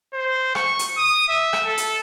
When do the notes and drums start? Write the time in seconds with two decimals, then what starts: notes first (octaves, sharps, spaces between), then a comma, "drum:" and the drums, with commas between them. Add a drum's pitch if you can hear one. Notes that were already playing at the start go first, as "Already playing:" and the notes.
0.14 C5
0.55 C#6, drum: rim click
0.79 drum: hi-hat
0.97 D#6
1.28 E5
1.53 drum: rim click
1.66 A4
1.77 drum: hi-hat